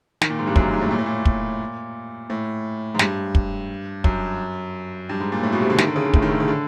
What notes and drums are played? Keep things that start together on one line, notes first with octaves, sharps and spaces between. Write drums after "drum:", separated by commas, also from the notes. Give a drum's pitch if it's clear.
D#3, drum: snare
A#2
G#2
G2
F#2, drum: kick
G#2
A2
A#2
A2
A#2
drum: kick
A2
G#2
G2, drum: snare
drum: kick
F#2, drum: kick
G2
G#2
A#2
A2
B2
C3
D3
D#3, drum: snare
D3
C#3
D3
A2, drum: kick
D#3
D3
C#3
D3